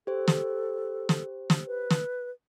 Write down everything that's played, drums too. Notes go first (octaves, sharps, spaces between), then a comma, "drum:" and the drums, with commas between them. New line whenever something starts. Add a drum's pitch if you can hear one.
G4 A4 C5
drum: snare
drum: snare
drum: snare
B4
drum: snare